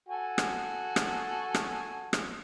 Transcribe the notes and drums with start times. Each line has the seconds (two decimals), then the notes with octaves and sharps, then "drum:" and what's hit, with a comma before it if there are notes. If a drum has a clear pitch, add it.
0.09 F#4 A4 G#5
0.38 drum: rim click
0.96 drum: rim click
1.54 drum: rim click
2.13 drum: rim click